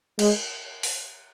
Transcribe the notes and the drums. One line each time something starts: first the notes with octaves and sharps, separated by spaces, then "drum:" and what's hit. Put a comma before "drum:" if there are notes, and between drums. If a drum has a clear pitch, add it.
G#3, drum: cymbal
drum: open hi-hat